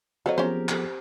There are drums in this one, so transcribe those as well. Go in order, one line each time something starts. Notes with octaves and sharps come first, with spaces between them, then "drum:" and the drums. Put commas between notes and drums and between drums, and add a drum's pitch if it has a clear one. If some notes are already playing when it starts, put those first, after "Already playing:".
F#3 C4 A4 D#5 F5 F#5
F3 B3 C#4 G4 G#4 A#4 C5
G4 A4 D5, drum: clap